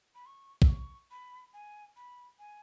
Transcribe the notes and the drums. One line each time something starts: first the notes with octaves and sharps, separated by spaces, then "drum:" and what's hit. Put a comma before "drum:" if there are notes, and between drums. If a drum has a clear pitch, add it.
B5
C#6
E6, drum: kick
C#6
B5
G#5
B5
G#5